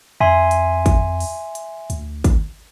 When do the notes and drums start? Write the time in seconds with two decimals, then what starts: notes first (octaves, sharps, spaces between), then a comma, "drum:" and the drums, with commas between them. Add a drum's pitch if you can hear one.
0.20 F2 E5 G#5 C6
0.51 drum: hi-hat
0.86 drum: kick, hi-hat
1.20 drum: open hi-hat
1.55 drum: hi-hat
1.90 D2, drum: hi-hat
2.24 drum: kick, hi-hat